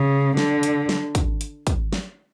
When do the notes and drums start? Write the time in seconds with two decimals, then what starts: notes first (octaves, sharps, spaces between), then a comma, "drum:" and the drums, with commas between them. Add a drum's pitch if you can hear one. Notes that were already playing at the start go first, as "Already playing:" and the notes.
Already playing: C#3
0.37 D3, drum: snare
0.63 drum: hi-hat
0.89 drum: snare
1.15 drum: kick, hi-hat
1.41 drum: hi-hat
1.67 drum: kick, hi-hat
1.93 drum: snare